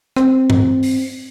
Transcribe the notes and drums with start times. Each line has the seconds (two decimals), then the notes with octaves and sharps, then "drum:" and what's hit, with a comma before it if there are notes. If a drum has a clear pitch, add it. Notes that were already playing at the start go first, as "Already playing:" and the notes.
0.16 C4, drum: rim click
0.50 drum: tom G2
0.83 drum: open hi-hat